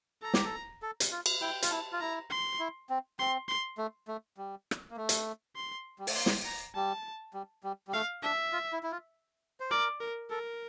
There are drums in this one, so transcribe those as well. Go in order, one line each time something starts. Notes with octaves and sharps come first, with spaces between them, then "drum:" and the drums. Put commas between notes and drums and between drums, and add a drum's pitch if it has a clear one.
A4 A#5
G4, drum: snare
A4
A4
drum: hi-hat
F4
drum: cymbal
E4 G5
F4, drum: hi-hat
E4 A5
F4
E4 A#5
C6
E4
C4
C4 C6
C6
A3
A3
G3
drum: rim click
A#3
A3
drum: hi-hat
C6
G3
A3, drum: open hi-hat
A#3 C6
drum: snare
A#5
G3 A5
G3
G3
G3
A3 F5
D4 E5
F4
E4
E4
F4
C5
A#4 D5
A#4
A4 A#4